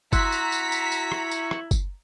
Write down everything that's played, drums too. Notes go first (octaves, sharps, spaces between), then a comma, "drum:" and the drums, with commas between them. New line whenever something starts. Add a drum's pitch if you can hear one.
E4 F#4 A#5 C6 E6 F#6 B6, drum: kick F#1, tambourine
drum: tambourine
drum: tambourine
drum: tambourine
drum: tambourine
drum: rim click
drum: tambourine
drum: rim click
drum: kick F#1, tambourine